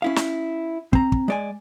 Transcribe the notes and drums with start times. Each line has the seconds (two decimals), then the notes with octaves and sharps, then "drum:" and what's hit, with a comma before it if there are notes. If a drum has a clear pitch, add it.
0.02 C#4 E4 F5
0.16 drum: snare
0.93 C4 A#5, drum: kick
1.12 drum: kick
1.28 G#3 D5 G#5